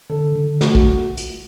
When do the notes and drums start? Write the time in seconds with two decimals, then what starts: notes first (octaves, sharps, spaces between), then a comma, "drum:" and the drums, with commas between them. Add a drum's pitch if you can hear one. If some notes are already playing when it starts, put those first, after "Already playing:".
0.10 D3 A4
0.36 D3
0.61 A3 F#4, drum: snare
0.75 drum: kick
1.17 drum: hi-hat